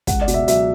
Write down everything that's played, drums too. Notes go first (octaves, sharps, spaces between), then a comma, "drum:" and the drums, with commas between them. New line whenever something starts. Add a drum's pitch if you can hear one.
C#2 F#5, drum: kick, hi-hat
D5
B2, drum: hi-hat
E5
F#3 E5, drum: hi-hat